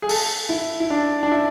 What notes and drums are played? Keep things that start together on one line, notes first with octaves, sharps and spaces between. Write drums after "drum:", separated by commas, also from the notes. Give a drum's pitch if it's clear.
G#4
A4, drum: open hi-hat
E4
E4
D4
D4
E4